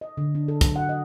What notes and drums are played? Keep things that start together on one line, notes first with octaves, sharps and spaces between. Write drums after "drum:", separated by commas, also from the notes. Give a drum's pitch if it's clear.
D#5
D3
D4
A4
F#3, drum: kick, hi-hat
F#5
D#5